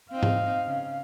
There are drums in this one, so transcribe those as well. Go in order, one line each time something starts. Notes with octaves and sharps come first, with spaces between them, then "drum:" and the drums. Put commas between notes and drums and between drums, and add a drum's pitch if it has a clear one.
C4 D#4 F5
drum: tom G#2
C#3